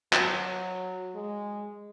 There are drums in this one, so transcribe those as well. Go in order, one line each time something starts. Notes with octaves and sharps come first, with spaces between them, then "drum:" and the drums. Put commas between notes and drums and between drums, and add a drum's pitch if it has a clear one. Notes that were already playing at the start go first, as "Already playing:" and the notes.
F#3, drum: clap
G#3